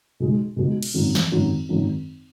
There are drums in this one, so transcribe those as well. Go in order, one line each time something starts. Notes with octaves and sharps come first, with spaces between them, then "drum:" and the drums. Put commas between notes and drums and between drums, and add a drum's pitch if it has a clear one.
B1 B2 G#3
B1 B2 G#3
drum: cymbal
G#1 F#2 D#3 F#3
drum: snare
G#1 F#2 D#3 F#3
G#1 F#2 D#3 F#3